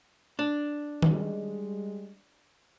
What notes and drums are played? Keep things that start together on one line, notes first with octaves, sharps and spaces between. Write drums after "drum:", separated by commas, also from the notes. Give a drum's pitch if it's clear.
D4
G3 G#3, drum: tom D#3